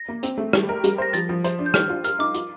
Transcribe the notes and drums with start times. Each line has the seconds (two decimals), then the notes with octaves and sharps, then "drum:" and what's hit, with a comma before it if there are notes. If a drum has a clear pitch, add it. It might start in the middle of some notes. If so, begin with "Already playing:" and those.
Already playing: A#6
0.09 A#3
0.23 C4, drum: hi-hat
0.38 A3
0.53 G3, drum: rim click
0.69 A#4
0.84 G3, drum: hi-hat
0.98 C5 A#6
1.13 F3 A6, drum: hi-hat
1.29 F3
1.44 C5, drum: hi-hat
1.59 D4
1.66 G6
1.74 G3 F6, drum: rim click
1.89 F4
2.04 A#4 F6, drum: hi-hat
2.19 D#4 D6
2.34 F4, drum: hi-hat